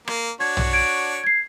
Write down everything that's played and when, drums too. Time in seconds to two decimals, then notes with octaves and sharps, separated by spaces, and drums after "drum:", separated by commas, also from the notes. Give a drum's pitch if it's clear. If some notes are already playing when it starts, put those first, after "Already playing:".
0.08 A#3, drum: rim click
0.40 D4 F#4 C#5 G#6
0.57 drum: tom
0.73 G#6 D7
1.24 G#6 C7